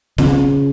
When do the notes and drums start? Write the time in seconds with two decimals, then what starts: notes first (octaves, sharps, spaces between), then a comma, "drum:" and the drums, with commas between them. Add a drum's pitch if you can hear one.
0.18 C#3, drum: snare